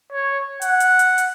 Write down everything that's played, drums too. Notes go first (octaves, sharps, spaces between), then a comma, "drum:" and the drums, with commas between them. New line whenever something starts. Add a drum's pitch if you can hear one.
C#5
F#5, drum: hi-hat
drum: hi-hat
drum: hi-hat
drum: hi-hat